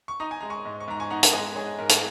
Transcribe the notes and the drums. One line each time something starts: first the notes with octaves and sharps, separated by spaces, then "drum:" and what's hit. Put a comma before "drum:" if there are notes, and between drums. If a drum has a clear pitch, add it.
C#6
D#4 A#5 D#6
G#5
G#3 A#5
G#5 C#6
G#2
C#6
G#2 A#5
G#5 C#6
D#4 F#5 A#5
A#5, drum: hi-hat
G#3 D#5 G#5
G#2 G#4 C#5
G#2 A#4
drum: hi-hat